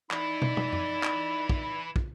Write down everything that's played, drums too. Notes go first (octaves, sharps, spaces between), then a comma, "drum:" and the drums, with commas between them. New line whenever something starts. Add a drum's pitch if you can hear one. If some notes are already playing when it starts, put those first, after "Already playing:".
E3 D#4 E4 D5 B5, drum: clap
drum: tom
drum: tom
drum: tom F2
drum: clap
drum: kick
drum: kick